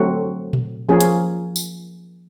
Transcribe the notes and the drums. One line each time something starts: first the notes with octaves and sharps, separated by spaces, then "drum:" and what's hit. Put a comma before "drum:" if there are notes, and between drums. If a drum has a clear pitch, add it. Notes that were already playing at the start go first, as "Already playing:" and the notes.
Already playing: D3 F#3 A3 C4 F#4
drum: tom A#2
F3 A#3 C#4 G#4
drum: hi-hat
drum: tambourine